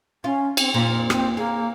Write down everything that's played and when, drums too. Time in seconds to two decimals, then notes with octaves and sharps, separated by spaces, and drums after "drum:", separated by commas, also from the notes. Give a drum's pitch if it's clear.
0.24 C#4 F4
0.57 C4, drum: cymbal
0.74 F2 A#2 F4
1.10 C4, drum: rim click
1.37 A#3 G#4